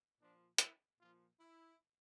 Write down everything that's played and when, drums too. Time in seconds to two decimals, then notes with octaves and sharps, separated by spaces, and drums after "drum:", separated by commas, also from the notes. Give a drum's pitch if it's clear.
0.19 A#2 F3 D4
0.58 E4, drum: hi-hat
0.98 A#2 F3 F4
1.38 E4